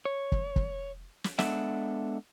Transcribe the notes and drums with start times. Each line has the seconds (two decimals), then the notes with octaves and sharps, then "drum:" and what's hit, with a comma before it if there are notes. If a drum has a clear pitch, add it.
0.05 C#5
0.32 drum: kick
0.56 drum: kick
1.24 drum: snare
1.39 G#3 B3 D4 A4 E5 F#5, drum: snare